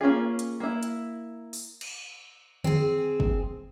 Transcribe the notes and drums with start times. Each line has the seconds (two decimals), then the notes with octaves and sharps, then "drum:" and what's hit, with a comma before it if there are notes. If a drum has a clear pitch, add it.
0.01 A#3 C#4 F4 G#4
0.39 drum: hi-hat
0.60 A#3 E4
0.83 drum: hi-hat
1.53 drum: open hi-hat
1.81 drum: cymbal
2.64 C4 G#4, drum: tom D3
3.20 drum: kick